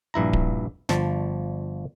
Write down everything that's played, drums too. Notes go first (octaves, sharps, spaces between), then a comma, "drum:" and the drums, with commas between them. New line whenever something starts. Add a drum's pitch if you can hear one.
A#1 G2 E4 A#5
drum: kick D1
G1 F3 A5, drum: snare